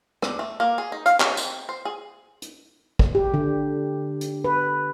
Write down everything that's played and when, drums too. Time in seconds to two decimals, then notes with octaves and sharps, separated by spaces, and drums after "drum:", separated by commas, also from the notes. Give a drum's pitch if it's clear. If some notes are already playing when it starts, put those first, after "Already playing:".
0.22 D4, drum: rim click
0.39 A3
0.60 A#3
0.78 G#4
0.92 D#4
1.06 F5, drum: hi-hat
1.20 C#4, drum: clap
1.37 C4, drum: tambourine
1.69 C5
1.85 G#4
2.42 drum: hi-hat
2.99 drum: kick
3.15 G4
3.34 D3
4.21 drum: hi-hat
4.44 B4